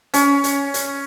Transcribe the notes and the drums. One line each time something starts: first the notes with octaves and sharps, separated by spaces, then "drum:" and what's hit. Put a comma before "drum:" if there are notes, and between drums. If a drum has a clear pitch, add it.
C#4, drum: hi-hat
drum: hi-hat
drum: hi-hat